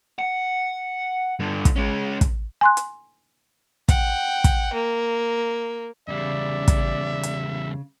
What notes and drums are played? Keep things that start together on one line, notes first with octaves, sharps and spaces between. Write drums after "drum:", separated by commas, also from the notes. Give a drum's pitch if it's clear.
F#5
G2 D3
drum: kick, hi-hat
G#3 C#4
drum: kick, hi-hat
G#5 C6 F#6
drum: hi-hat
F#5 G5, drum: kick, hi-hat
drum: kick, hi-hat
A#3
E2 C#3 G3 D5 E5
drum: kick, hi-hat
drum: hi-hat